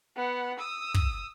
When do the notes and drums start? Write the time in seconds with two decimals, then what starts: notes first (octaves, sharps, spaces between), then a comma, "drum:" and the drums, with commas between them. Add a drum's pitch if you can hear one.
0.16 B3 F#5
0.59 D#6 E6
0.94 drum: kick